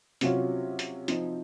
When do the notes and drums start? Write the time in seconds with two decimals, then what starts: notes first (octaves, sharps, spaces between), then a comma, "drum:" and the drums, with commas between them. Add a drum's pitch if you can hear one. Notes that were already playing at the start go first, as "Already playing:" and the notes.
0.21 C3 F#3 C#4 F4, drum: hi-hat
0.79 drum: hi-hat
1.08 F3 C4 D#4, drum: hi-hat